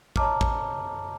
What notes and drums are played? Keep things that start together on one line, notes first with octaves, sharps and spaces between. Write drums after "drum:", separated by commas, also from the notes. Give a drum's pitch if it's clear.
C#5 D#5 A5 A#5 D6 F6, drum: kick
drum: kick